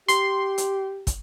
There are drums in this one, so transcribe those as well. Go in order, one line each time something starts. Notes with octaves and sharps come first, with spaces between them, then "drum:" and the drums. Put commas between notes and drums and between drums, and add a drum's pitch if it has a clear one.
G4 C6, drum: hi-hat
drum: hi-hat
drum: kick, hi-hat